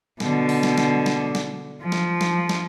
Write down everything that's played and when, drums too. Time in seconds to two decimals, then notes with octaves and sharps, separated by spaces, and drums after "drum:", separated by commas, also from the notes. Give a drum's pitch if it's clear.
0.20 B2 D3, drum: snare
0.49 drum: open hi-hat
0.63 drum: snare
0.78 drum: snare
1.06 drum: snare
1.35 drum: snare
1.81 F3
1.92 drum: snare
2.21 drum: snare
2.49 drum: snare